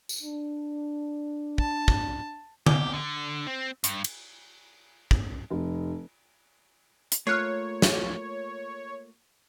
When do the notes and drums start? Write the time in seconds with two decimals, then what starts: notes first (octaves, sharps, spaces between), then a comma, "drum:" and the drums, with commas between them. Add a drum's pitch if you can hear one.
0.09 drum: tambourine
0.22 D4
1.58 A5, drum: kick
1.88 drum: kick
2.66 G4, drum: tom D3
2.93 D3
3.47 C4
3.84 G2, drum: hi-hat
4.04 drum: cymbal
5.11 drum: kick
5.50 F1
7.12 drum: hi-hat
7.27 A3 A#3 F4 C#5 F6 F#6 C7
7.82 drum: snare